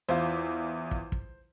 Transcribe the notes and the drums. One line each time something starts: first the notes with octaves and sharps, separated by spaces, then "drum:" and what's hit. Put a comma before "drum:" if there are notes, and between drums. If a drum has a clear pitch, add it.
E2 E4 F4 C5
drum: kick
drum: kick